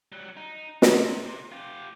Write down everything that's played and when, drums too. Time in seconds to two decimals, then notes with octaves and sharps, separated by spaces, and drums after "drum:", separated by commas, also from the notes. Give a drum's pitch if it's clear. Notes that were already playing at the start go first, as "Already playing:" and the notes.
0.12 F#3 G3
0.37 D#4
0.82 C3, drum: snare
1.52 F4 G4